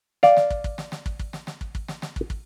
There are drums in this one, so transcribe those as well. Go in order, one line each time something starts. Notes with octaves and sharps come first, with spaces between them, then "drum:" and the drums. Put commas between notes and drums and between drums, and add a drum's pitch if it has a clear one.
D5 F5, drum: snare
drum: snare
drum: kick
drum: kick
drum: snare
drum: snare
drum: kick
drum: kick
drum: snare
drum: snare
drum: kick
drum: kick
drum: snare
drum: snare
drum: kick
drum: kick